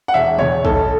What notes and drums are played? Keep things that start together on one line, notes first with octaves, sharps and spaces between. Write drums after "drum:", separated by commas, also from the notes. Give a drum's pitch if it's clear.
F#5
E1 E5
E2 C#5, drum: tom B2
B1 A4, drum: kick